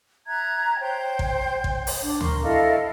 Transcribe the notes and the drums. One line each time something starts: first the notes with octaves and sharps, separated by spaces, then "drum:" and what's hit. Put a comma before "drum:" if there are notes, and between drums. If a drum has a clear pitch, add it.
E5 A#5 F#6 G#6
C5 C#5 G5 G6
drum: kick A1
drum: kick A1
drum: open hi-hat
D4
A#4 C6 C#6, drum: tom D2
E4 A4 D#5 F5